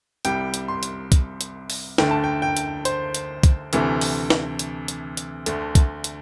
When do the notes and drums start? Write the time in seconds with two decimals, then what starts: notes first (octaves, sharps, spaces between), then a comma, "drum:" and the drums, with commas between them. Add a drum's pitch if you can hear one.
0.25 C2 C3 G3 G5, drum: hi-hat
0.54 drum: hi-hat
0.68 C6
0.83 drum: hi-hat
1.12 drum: kick, hi-hat
1.41 drum: hi-hat
1.70 drum: open hi-hat
1.98 D2 D3 A3 G5, drum: snare
2.11 A5
2.24 G5
2.42 G5
2.57 drum: hi-hat
2.85 C5, drum: hi-hat
3.14 drum: hi-hat
3.43 drum: kick, hi-hat
3.73 D2 C3 E3 A3, drum: hi-hat
4.01 drum: open hi-hat
4.30 drum: snare
4.59 drum: hi-hat
4.88 drum: hi-hat
5.17 drum: hi-hat
5.46 D2 D3 A3, drum: hi-hat
5.75 drum: kick, hi-hat
6.04 drum: hi-hat